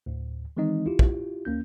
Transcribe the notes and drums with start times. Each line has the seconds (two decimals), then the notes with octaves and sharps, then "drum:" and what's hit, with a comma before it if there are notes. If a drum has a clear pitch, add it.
0.06 D2 A2
0.57 D#3 E3 G#3 C4 D#4 D#5
0.86 E4 F4 G4
0.99 drum: kick
1.45 D2 A#3 C#4 G6